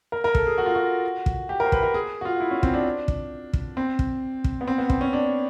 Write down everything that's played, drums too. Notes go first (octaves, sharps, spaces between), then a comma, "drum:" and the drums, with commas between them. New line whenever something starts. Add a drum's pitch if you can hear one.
A#4
A#4
A4, drum: kick
G#4
F#4
F4
F#4
drum: kick
G4
A#4
C5
B4, drum: kick
A#4
G#4
F#4
F4
E4
C#4
C4, drum: kick
D4
drum: kick
drum: kick
C4
drum: kick
drum: kick
B3
C4
B3
C4, drum: kick
C#4
D4